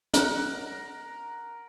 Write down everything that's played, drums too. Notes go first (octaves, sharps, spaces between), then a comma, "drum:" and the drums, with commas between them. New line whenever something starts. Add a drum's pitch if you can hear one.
A#4 F#5, drum: hi-hat